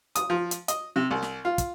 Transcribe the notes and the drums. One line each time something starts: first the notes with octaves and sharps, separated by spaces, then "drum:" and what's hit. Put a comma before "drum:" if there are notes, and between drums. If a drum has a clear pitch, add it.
D#6, drum: hi-hat
F3
drum: hi-hat
D#5, drum: hi-hat
C3
C2
drum: snare
F4
drum: kick, hi-hat